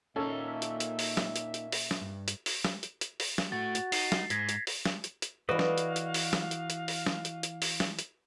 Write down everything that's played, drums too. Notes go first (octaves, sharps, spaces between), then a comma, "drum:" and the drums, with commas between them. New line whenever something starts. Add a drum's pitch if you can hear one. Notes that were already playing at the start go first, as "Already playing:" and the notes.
A#2 A#3 C#4 D#4 A4 E5
drum: hi-hat
drum: hi-hat
drum: open hi-hat
drum: snare
drum: hi-hat
drum: hi-hat
drum: open hi-hat
drum: snare
G2
drum: hi-hat
drum: open hi-hat
drum: snare
drum: hi-hat
drum: hi-hat
drum: open hi-hat
drum: snare
A2 A3 F#4 A6
drum: hi-hat
D#4 C7, drum: open hi-hat
drum: snare
G#2 G#6 A#6 B6, drum: hi-hat
drum: hi-hat
drum: open hi-hat
drum: snare
drum: hi-hat
drum: hi-hat
E3 F#4 B4 D5 D#5 F5
drum: snare
drum: hi-hat
drum: hi-hat
drum: open hi-hat
drum: snare
drum: hi-hat
drum: hi-hat
drum: open hi-hat
drum: snare
drum: hi-hat
drum: hi-hat
drum: open hi-hat
drum: snare
drum: hi-hat